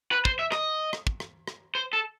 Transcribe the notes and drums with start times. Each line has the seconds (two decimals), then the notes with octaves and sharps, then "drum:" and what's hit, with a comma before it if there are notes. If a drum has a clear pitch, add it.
0.12 B4
0.25 C5, drum: kick
0.39 E5
0.52 D#5, drum: rim click
0.93 drum: rim click
1.07 drum: kick
1.20 drum: rim click
1.48 drum: rim click
1.75 C5
1.93 A4